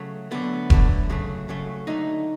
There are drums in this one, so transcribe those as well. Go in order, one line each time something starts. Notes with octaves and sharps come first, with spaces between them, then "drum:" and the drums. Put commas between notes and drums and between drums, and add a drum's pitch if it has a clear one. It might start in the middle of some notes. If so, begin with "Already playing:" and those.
Already playing: C#3 F#3 A3
D3 F#3 A3 B3
D3 F#3 A3, drum: kick E1
C#3 F#3 A3
C#3 F#3 A3
D3 F#3 A3 D#4